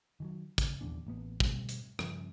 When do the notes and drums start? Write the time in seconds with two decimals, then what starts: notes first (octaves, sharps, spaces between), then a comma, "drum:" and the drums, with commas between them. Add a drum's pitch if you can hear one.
0.20 D#3 E3 F#3
0.58 C#3, drum: kick, hi-hat
0.81 D#1 A#1 E2 D4
1.07 A1 A#3 B3
1.40 B2 G3 A3 C4, drum: kick
1.69 drum: hi-hat
1.99 G2 C#3 F3 C#4, drum: rim click